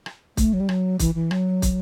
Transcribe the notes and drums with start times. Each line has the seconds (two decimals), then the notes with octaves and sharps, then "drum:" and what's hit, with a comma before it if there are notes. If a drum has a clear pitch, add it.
0.06 drum: rim click
0.37 A3, drum: kick, hi-hat
0.53 F#3
0.60 G3
0.69 F#3, drum: rim click
0.99 E3, drum: kick, hi-hat
1.15 E3
1.31 F#3, drum: rim click
1.62 drum: kick, hi-hat